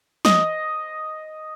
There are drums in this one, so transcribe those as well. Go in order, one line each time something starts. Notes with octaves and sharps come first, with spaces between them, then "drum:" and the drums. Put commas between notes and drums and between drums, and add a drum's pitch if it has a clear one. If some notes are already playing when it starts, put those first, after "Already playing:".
D#5, drum: snare